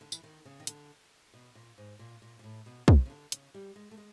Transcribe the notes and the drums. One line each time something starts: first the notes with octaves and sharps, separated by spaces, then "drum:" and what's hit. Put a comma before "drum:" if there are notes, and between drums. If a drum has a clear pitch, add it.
D3
E3, drum: tambourine
D#3
C#3
D#3
D3, drum: hi-hat
B2
A#2
G#2
A#2
A#2
A#2
A2
B2
C3, drum: kick
C#3
D3
C#3, drum: hi-hat
G3
G#3
A3
G#3